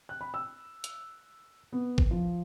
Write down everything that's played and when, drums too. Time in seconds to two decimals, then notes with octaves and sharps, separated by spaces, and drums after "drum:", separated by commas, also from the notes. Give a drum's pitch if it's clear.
0.09 F#6
0.21 B5
0.34 E6
0.84 drum: hi-hat
1.73 B3
1.98 drum: kick G#1
2.11 F3